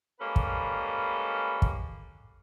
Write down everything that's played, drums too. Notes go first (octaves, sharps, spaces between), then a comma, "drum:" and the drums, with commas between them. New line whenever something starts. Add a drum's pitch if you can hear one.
G3 G#3 A#3 C#4 A4 B4
drum: kick
drum: kick